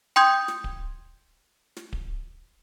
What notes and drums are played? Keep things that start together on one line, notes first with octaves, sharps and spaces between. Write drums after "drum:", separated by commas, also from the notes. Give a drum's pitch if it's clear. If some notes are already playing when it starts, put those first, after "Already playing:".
G5 C6 D#6 G6 G#6
drum: snare
drum: kick D1
drum: snare
drum: kick D1